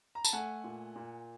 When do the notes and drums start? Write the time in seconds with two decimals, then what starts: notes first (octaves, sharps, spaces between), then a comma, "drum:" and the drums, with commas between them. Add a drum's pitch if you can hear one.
0.15 A#5
0.25 A5, drum: tambourine
0.33 A3 F#5 G#5
0.64 A#2
0.95 A#2